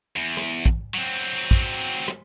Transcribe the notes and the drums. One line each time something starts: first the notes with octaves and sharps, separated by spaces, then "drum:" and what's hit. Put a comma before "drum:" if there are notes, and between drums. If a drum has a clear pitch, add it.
E2
drum: rim click
drum: kick
F#3 C4
drum: kick
drum: rim click